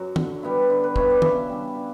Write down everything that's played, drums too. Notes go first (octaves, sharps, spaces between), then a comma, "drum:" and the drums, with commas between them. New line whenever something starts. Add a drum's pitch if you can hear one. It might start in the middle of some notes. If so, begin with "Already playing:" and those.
Already playing: F#2 F#3 C#5
D3, drum: tom
G3 B3 E4
D3
B4
G3 B3 E4 C#5, drum: kick
D5
C#3 E5, drum: tom
G3 D4
C#3